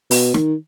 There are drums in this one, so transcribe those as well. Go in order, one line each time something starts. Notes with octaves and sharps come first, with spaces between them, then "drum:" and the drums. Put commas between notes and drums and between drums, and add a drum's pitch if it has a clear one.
B2, drum: open hi-hat
D#3, drum: snare